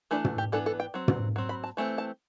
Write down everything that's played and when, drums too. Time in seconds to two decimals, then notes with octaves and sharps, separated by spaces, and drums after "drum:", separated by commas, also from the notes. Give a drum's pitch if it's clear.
0.11 E3 A3 D4 B4
0.25 drum: tom
0.38 G4
0.52 E3 B3 D4 A4
0.66 A4
0.80 G5
0.94 F#3 C4
1.08 drum: tom
1.36 F#3 C4
1.49 B5
1.64 A5
1.77 E3 A3 C4
1.98 A5